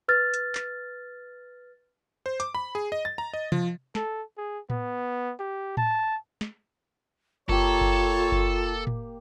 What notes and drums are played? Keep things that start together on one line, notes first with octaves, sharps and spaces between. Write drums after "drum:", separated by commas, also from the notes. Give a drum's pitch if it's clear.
B4 F6 A6
drum: hi-hat
drum: clap
C5
D6, drum: hi-hat
B5
G#4
D#5
A6
A#5
D#5
F3, drum: tom C3
A4, drum: snare
G#4
B3, drum: tom A2
G4
A5, drum: tom A2
drum: snare
A#3 F4 G4 A4 C#5, drum: kick F#1
drum: kick F#1
drum: kick F#1
drum: tom A2